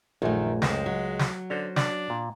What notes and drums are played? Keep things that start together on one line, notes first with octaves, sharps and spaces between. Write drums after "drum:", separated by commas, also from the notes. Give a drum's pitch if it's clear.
A#1 F#2 D#3 A3
C#2 F#2 G#3 C4, drum: snare
F#3
drum: snare
D3 C#4 F#4 C5
D4, drum: snare
A#2